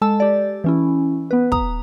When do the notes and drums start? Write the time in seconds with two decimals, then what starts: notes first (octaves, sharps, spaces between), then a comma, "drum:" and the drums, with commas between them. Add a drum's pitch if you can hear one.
0.02 G#3 A4 A5 E6
0.20 G4 D5
0.64 E3 C#4 E4
1.31 B3 B4
1.52 A#5 D#6, drum: kick